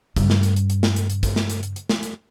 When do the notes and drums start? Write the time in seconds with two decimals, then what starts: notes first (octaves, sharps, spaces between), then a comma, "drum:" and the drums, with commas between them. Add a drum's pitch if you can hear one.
0.16 G2 C#3, drum: kick, hi-hat
0.30 drum: snare
0.43 drum: hi-hat
0.56 drum: hi-hat
0.70 drum: hi-hat
0.83 drum: snare
0.96 drum: hi-hat
1.10 drum: hi-hat
1.23 drum: kick, hi-hat
1.36 drum: snare
1.50 drum: hi-hat
1.63 drum: hi-hat
1.76 drum: hi-hat
1.89 drum: snare
2.03 drum: hi-hat